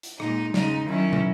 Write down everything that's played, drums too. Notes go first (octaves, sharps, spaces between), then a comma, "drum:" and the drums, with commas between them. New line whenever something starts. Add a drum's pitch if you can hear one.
drum: hi-hat
A#2 G#3 D#4, drum: rim click
C#3 G#3 D#4, drum: snare
D#3 F#3 C#4 E4
drum: tom